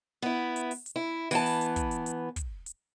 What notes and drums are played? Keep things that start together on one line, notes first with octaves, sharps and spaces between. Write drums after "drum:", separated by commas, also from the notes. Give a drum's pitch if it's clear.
B3 E4
drum: hi-hat
drum: open hi-hat
drum: hi-hat
E4
E3 B3 A5, drum: open hi-hat
drum: open hi-hat
drum: hi-hat
drum: kick, hi-hat
drum: hi-hat
drum: hi-hat
drum: kick, hi-hat
drum: hi-hat